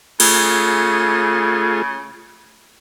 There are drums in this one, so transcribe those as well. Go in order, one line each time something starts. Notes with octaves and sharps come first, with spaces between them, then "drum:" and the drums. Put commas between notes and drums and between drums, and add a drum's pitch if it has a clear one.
C#3 A3 F4 G#4, drum: cymbal